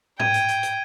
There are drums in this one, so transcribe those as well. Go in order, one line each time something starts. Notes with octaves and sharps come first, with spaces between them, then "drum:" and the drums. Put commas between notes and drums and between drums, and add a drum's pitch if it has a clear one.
G5 G#6 D#7, drum: tom G#2
drum: hi-hat
drum: hi-hat
drum: hi-hat